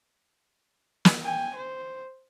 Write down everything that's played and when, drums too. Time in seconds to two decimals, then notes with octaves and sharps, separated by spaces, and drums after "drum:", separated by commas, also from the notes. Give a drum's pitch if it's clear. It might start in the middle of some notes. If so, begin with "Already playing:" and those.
1.05 drum: snare
1.25 G5 G#5
1.56 C5